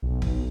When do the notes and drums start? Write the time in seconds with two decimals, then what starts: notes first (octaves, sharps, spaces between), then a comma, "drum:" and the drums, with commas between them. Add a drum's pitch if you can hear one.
0.02 B1
0.22 drum: kick